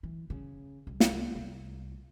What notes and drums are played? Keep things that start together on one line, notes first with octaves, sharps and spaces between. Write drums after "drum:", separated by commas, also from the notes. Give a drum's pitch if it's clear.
E3
C#3
C2
drum: snare
C2